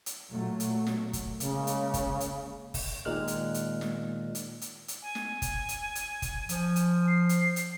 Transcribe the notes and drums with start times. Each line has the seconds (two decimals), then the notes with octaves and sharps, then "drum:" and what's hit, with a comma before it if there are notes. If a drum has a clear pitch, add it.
0.06 drum: hi-hat
0.29 A#2 F#3 A3
0.60 drum: hi-hat
0.87 drum: snare
1.13 drum: kick F#1, hi-hat
1.40 C#3 G#3 A#3, drum: hi-hat
1.67 drum: hi-hat
1.94 drum: kick F#1, hi-hat
2.20 drum: hi-hat
2.74 drum: kick F#1, open hi-hat
3.05 A#2 D#3 G#3 F6 F#6
3.28 drum: hi-hat
3.54 drum: hi-hat
3.81 drum: snare
4.35 drum: hi-hat
4.61 drum: hi-hat
4.88 drum: hi-hat
5.02 G#5
5.15 drum: snare
5.42 drum: kick F#1, hi-hat
5.69 drum: hi-hat
5.95 drum: hi-hat
6.22 drum: kick F#1, hi-hat
6.49 F3, drum: hi-hat
6.76 drum: hi-hat
7.08 C7
7.29 drum: hi-hat
7.56 drum: hi-hat